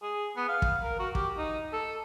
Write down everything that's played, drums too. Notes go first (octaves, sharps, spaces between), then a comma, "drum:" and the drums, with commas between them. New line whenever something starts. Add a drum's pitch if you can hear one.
G#4
B3
F5
drum: kick
A#4
F#4
G4, drum: kick
D#4
A4